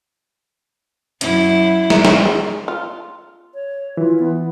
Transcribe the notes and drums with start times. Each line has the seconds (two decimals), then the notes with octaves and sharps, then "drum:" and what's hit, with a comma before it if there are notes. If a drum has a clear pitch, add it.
1.21 F#2 E4, drum: hi-hat
1.90 drum: snare
2.05 C#4, drum: snare
2.26 G#3
2.68 F4
3.54 C#5
3.97 E3 F4
4.19 B3